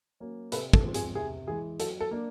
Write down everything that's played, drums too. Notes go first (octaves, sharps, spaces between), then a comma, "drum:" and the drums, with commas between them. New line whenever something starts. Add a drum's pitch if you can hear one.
F#3 A#3 C#4
C3 A4 B4, drum: hi-hat
A4, drum: kick
F3 G#3 C4
G#4, drum: hi-hat
C3 G#4
E3 G#3 G#4
F#3 A4, drum: hi-hat
A4
A#3 D4